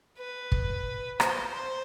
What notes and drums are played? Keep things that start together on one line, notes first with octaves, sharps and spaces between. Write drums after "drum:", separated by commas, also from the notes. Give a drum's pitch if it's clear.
B4
drum: kick
C5, drum: rim click
C5